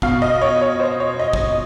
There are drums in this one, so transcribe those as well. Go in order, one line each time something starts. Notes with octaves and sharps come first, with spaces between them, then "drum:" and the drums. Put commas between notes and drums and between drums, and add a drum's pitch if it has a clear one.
B2 F5, drum: kick
D#5
C#5
C#5
C5
C#5
D#5
drum: kick